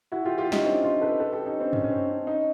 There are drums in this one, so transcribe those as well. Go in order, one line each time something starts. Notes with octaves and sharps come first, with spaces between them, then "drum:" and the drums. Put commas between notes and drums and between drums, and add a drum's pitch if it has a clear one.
E4 F#4
F4 G4
F4 G4
C#4 D#4, drum: snare
C4 D4
D#4 F4
A4 B4
A4 B4
G4 A4
C#4 D#4
C4 D4
C#4, drum: tom G2
C#4
C4
C#4
C#4 D#4